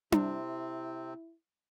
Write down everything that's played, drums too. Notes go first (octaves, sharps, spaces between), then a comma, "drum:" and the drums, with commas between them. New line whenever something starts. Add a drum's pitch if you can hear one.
C3 C4 E4, drum: tom D4